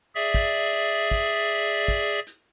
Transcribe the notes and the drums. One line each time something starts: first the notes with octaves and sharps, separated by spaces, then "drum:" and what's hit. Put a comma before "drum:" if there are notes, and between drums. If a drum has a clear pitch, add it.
G#4 D5 E5
drum: kick, hi-hat
drum: hi-hat
drum: kick, hi-hat
drum: kick, hi-hat
drum: hi-hat